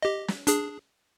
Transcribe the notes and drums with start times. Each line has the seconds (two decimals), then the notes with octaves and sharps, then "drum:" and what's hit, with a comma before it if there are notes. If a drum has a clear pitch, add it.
0.02 G4 D#5
0.28 drum: snare
0.47 D4 G#4, drum: hi-hat